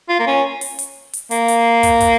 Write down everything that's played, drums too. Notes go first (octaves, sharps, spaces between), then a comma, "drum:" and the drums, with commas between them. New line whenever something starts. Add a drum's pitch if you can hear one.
F4
A#3
C#4
drum: open hi-hat
drum: hi-hat
drum: hi-hat
A#3, drum: hi-hat
drum: hi-hat
drum: kick, hi-hat
drum: kick, hi-hat